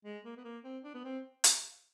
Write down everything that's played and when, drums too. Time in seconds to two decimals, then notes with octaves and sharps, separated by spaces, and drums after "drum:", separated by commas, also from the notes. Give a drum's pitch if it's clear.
0.05 G#3
0.25 A#3
0.37 B3
0.44 A#3
0.64 C4
0.84 D4
0.94 B3
1.04 C4
1.44 drum: hi-hat